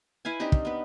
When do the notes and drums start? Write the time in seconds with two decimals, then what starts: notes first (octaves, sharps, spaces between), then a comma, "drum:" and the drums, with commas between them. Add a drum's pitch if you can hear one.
0.25 E4 B4 F5 G#5
0.40 C4 D4 D#4 G4
0.52 drum: kick
0.65 B3 B4